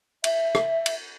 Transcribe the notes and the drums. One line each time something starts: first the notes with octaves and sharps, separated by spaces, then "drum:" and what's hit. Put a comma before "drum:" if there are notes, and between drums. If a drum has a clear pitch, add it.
E5, drum: cymbal
drum: rim click
drum: cymbal